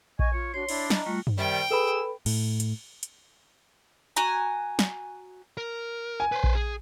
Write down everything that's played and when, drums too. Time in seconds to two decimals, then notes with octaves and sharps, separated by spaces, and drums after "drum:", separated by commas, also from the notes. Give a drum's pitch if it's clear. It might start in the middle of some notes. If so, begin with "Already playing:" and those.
0.19 D#5 G#5 C#6, drum: kick A#1
0.33 F4 C#5
0.54 D4 F#4 C#5 C6
0.69 D4 E4 D5, drum: cymbal
0.90 D#5 A#5, drum: snare
1.06 G3 A3 F4 F#4
1.27 drum: tom F#2
1.37 C3 D#3 G3 G5
1.71 G#4 A4 B4 B5 E6
2.26 A2, drum: cymbal
2.60 drum: hi-hat
3.03 drum: hi-hat
4.16 F#4 G#5 A#5, drum: hi-hat
4.79 drum: snare
5.57 A#4
6.20 G#5
6.32 B4 C5
6.44 drum: kick A#1
6.55 G#4